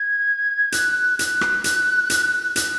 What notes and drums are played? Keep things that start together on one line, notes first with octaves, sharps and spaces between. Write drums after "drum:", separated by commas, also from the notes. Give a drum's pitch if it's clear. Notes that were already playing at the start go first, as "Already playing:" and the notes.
Already playing: G#6
F#6, drum: hi-hat
F#6, drum: hi-hat
drum: rim click
drum: hi-hat
drum: hi-hat
F#6, drum: hi-hat